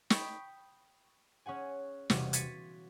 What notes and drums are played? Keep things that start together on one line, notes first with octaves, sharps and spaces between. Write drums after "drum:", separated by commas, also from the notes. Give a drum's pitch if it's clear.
G5 B5 C#6 D#6, drum: snare
C#4 G#4 F#5 G#5
E1 C3 G3 F#4 D#7, drum: snare
G#6 A6 B6 C#7 D#7, drum: hi-hat